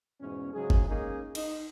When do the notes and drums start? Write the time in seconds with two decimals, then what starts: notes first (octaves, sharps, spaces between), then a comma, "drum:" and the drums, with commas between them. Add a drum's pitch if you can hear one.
0.20 E2 G#2 B2 C#4
0.53 G#2 C#3 F#3 G#4
0.70 drum: kick G1
0.88 G#3 A#3 C#4 D#4 G#4
1.35 D#4, drum: cymbal